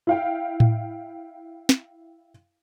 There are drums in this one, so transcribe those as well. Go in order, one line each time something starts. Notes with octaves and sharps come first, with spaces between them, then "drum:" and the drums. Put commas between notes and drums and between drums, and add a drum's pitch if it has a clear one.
E4 F5 G5
drum: tom A2
drum: snare